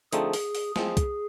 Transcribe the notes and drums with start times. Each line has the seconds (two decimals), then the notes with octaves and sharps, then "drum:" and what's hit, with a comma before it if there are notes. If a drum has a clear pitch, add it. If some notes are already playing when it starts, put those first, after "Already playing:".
0.13 D3 F3 A3 C4 D#4 G#4, drum: hi-hat
0.33 drum: open hi-hat
0.55 drum: open hi-hat
0.76 F3 G#3 C4 G#4, drum: snare
0.97 drum: kick, hi-hat